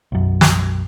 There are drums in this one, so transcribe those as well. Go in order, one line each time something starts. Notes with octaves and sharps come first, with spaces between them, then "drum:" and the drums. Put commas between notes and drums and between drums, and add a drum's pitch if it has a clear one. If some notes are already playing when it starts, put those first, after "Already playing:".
B1 F#2
drum: snare